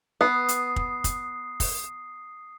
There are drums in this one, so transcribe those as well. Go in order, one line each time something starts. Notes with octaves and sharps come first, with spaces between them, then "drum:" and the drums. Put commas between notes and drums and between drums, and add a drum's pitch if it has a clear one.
B3 D#6 C7
drum: hi-hat
drum: kick
drum: kick, hi-hat
drum: kick, open hi-hat